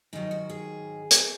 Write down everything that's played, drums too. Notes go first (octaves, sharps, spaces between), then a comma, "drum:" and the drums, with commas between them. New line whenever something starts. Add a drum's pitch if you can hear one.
G#2 D#3 F#3 D#4
F#4
G#4
drum: hi-hat